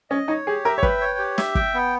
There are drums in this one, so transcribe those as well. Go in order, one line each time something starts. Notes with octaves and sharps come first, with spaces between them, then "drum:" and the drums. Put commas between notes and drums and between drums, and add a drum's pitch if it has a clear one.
C#4 D#5
D#4 C#5
G4 G#4
A#4 E5
C#5
B4 G5, drum: kick
C#5
G4
E5, drum: snare
G5, drum: kick
B3